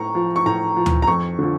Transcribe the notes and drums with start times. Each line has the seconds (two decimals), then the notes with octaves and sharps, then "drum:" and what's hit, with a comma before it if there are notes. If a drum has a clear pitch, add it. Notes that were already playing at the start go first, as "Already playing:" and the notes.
Already playing: A2 A#5 C#6
0.15 F3
0.36 C#6
0.46 A2 A#5
0.76 F3
0.86 drum: tom D2
1.02 A#5
1.07 F2 C#6
1.39 D3 F3